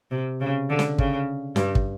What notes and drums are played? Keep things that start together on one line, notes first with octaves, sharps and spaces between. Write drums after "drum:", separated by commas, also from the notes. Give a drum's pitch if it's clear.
C3
C#3
D3
drum: snare
C#3, drum: kick
G2, drum: snare
drum: kick